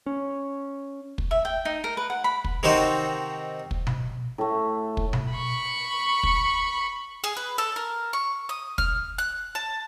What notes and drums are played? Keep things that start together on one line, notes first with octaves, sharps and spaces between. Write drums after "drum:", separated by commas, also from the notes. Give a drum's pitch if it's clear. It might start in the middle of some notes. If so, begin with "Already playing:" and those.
C#4
drum: kick
E5
G5
D#4
A#4
B4
F#5
B5
drum: kick
C3 D#3 C4 D#4 F#4 C5
drum: kick
drum: tom B2
A2 A3
drum: kick
drum: tom B2
B5 C#6
drum: kick
G#4
B4
A4
A#4
C#6
D#6
F6, drum: kick
F#6
A5